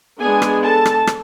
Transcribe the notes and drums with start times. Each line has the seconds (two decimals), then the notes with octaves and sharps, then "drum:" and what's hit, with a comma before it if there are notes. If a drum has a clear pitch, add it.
0.20 G#3 B3 D4 G#4 G#5
0.42 drum: rim click
0.64 A4 A5
0.85 drum: rim click
1.07 drum: rim click